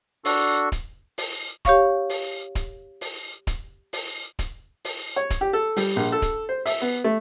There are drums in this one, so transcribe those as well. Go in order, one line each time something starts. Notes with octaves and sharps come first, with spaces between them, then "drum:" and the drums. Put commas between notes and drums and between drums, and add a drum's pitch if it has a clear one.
D4 F#4 A4, drum: open hi-hat
drum: kick D1, hi-hat
drum: open hi-hat
G4 C#5 F5 C#6, drum: kick D1, hi-hat
drum: open hi-hat
drum: kick D1, hi-hat
drum: open hi-hat
drum: kick D1, hi-hat
drum: open hi-hat
drum: kick D1, hi-hat
drum: open hi-hat
C#5
drum: kick D1, hi-hat
G4
A4
G3, drum: open hi-hat
A#1
A4
drum: kick D1, hi-hat
C5
E5, drum: open hi-hat
B3
A3